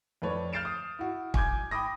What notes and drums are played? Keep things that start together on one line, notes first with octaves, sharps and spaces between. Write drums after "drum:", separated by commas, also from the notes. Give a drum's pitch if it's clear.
F2 A3 B4 C#5 D5
F6 G6 A6 C7 D7 E7
D#6
E4 F#4
G#5 D6 G6 G#6, drum: kick
G5 B5 D6 D#6 A#6